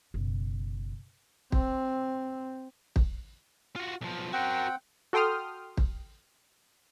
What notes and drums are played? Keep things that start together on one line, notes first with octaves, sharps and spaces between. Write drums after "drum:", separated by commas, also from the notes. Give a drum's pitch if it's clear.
F#1 B2
C4, drum: kick
drum: kick
F4 F#4
B1 F3
C4 F#4 A#4 F#5 G5
F#4 A4 G5 C6 D#6 F6
drum: kick